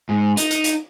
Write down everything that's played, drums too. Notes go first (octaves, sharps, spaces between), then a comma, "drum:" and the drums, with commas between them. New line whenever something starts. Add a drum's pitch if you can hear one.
G#2
D#4, drum: hi-hat
drum: hi-hat
drum: hi-hat